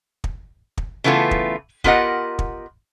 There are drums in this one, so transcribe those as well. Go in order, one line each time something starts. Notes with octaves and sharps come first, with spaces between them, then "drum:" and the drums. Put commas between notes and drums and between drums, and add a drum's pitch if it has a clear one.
drum: kick
drum: kick
C#3 E3 A3 B3 F4
drum: kick
B3 F4 G4 A#4 D#5 F#5, drum: kick
drum: kick